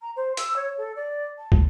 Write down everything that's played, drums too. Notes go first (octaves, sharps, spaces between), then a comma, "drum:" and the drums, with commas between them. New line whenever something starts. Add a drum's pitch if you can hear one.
A#5
C5
E6, drum: hi-hat
C#5
A4
D5
A5
drum: kick